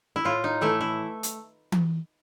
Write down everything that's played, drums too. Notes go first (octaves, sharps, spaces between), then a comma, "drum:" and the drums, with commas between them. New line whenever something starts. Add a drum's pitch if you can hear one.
E4
A2 F4
D#4
E3 A3 E4
E4
drum: hi-hat
drum: tom E3